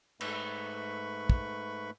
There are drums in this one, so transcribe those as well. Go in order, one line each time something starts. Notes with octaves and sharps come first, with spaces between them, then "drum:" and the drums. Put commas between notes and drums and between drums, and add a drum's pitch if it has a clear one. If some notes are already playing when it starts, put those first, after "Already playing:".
G#2 A3 B4 B5 C#6, drum: cymbal
drum: kick